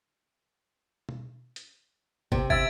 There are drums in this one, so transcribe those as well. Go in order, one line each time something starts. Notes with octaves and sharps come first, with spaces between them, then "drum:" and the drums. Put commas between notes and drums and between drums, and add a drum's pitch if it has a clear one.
drum: tom B2
drum: hi-hat
C3, drum: kick
E5 E6 G#6 A6 D7, drum: kick